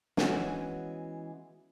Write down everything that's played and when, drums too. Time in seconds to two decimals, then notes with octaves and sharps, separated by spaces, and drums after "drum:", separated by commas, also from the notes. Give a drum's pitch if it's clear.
0.17 E3 G#3 B3 C#4 F#4, drum: snare